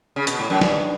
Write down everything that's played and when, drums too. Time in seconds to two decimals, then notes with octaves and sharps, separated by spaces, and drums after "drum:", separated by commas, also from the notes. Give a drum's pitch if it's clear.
0.16 C#3
0.27 B2, drum: hi-hat
0.39 A2
0.50 F#2
0.61 G2, drum: snare